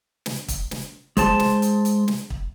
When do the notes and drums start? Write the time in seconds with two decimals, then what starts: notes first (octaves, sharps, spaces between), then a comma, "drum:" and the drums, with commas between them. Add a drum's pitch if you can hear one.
0.26 drum: snare
0.48 drum: kick, hi-hat
0.71 drum: snare
1.17 G#3 C5 A5, drum: kick, hi-hat
1.39 drum: snare
1.62 drum: hi-hat
1.85 drum: hi-hat
2.08 drum: snare
2.30 drum: kick